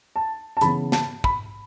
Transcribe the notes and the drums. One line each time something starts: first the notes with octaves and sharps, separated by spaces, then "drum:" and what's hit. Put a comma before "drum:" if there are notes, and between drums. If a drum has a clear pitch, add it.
A5
A5
C#3 E3 B3 B5, drum: hi-hat
A5, drum: snare
B5, drum: kick